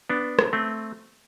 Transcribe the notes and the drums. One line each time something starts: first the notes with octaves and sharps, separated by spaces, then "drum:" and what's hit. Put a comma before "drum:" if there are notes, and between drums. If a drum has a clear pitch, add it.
B3 D4
drum: rim click
A3 C4